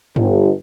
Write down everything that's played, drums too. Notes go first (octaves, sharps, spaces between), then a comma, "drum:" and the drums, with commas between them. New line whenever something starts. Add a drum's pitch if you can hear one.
G1, drum: tom G2